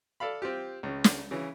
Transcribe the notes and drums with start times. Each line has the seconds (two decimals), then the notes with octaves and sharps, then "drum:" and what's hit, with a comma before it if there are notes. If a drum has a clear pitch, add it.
0.20 A4 D5 F5 B5
0.42 C4 F4 G4
0.83 C#2 C#3
1.04 drum: snare
1.31 C#3 E3